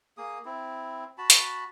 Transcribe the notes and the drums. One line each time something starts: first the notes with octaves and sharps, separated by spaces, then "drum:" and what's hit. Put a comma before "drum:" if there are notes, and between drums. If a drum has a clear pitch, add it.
A#3 G#4 D#6
C4 E4
F#4 A5 B5
drum: hi-hat